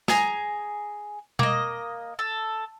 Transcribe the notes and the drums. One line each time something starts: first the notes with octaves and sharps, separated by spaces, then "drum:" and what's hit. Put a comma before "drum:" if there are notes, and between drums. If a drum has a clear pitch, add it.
G#4 G#5 A#5, drum: snare
A#3 D#5, drum: tom B2
A4